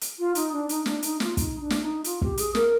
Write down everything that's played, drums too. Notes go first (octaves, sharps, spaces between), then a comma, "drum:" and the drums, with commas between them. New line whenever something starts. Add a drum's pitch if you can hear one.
drum: hi-hat
F4
D#4, drum: hi-hat
D4
D#4, drum: hi-hat
D4, drum: snare
D#4, drum: hi-hat
F4, drum: snare
D#4, drum: kick, hi-hat
D4
drum: snare
D#4
F4, drum: hi-hat
G4, drum: kick
G#4, drum: hi-hat
A#4, drum: snare